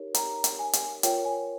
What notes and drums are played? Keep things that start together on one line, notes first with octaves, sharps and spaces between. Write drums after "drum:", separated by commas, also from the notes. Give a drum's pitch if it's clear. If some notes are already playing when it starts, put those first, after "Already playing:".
Already playing: D#4 G4 A#4 C#5
A#5, drum: hi-hat
drum: hi-hat
G#5
drum: hi-hat
F4 A#4 C#5 G5, drum: hi-hat
G#5